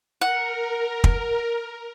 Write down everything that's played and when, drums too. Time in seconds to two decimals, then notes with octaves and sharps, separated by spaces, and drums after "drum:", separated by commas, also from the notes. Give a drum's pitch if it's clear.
0.21 A#4 F#5
1.04 drum: kick